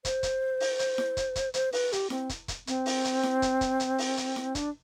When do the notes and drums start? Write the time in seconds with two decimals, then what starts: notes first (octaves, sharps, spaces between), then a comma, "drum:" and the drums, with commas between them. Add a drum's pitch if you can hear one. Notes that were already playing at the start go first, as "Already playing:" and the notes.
0.05 C5, drum: kick, hi-hat
0.23 drum: kick, hi-hat
0.60 drum: open hi-hat
0.79 drum: hi-hat
0.98 drum: snare E4
1.17 drum: kick, hi-hat
1.36 drum: kick, hi-hat
1.54 C5, drum: hi-hat
1.73 B4, drum: open hi-hat
1.92 G4, drum: hi-hat
2.10 C4, drum: snare E4
2.29 drum: kick, hi-hat
2.48 drum: kick, hi-hat
2.67 C4, drum: hi-hat
2.86 drum: open hi-hat
3.05 drum: hi-hat
3.23 drum: snare E4
3.42 drum: kick, hi-hat
3.61 drum: kick, hi-hat
3.80 drum: hi-hat
3.98 drum: open hi-hat
4.17 drum: hi-hat
4.36 drum: snare E4
4.55 D4, drum: kick, hi-hat